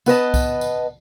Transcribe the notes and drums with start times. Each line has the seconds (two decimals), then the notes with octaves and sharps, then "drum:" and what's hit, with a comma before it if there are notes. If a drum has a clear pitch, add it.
0.06 B3 B4 D#5 A5, drum: tambourine
0.34 drum: kick C2, tambourine
0.61 drum: tambourine